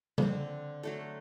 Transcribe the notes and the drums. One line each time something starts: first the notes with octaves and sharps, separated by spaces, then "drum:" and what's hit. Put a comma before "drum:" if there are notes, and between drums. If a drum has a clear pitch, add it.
D3 F3 G3 A#3 C4, drum: tom C#3
F#3 A3 A4